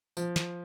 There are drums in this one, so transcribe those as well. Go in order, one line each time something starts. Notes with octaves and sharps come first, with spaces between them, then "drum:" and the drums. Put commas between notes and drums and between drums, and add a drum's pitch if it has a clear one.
F3, drum: tambourine
drum: snare